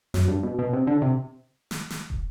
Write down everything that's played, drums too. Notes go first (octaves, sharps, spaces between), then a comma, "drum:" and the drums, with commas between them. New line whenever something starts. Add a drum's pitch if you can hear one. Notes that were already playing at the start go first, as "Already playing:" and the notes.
F#2, drum: snare
G2
B2
B2
C3
D3
C3
drum: snare
drum: snare
drum: kick